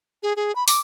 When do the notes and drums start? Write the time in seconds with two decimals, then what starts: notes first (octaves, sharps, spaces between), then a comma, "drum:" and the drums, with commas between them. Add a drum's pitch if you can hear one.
0.23 G#4
0.36 G#4
0.56 B5
0.68 D6, drum: open hi-hat